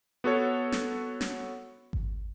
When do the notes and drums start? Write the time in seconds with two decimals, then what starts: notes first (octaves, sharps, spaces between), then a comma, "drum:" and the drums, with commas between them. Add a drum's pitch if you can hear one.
0.24 B3 F#4 A4 C#5
0.72 drum: snare
1.21 drum: snare
1.93 drum: kick G#1